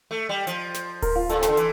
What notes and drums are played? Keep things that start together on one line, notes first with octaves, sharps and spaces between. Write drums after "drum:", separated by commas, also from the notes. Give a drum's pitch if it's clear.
A3
G3
F3, drum: hi-hat
drum: snare
A#4, drum: kick D1, open hi-hat
F4
A#2 A4, drum: hi-hat
C3
D3 A4, drum: snare
E3, drum: hi-hat